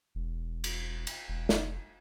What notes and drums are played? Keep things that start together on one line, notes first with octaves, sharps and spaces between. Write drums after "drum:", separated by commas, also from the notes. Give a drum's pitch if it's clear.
E1
drum: cymbal
drum: cymbal
E1
F1, drum: snare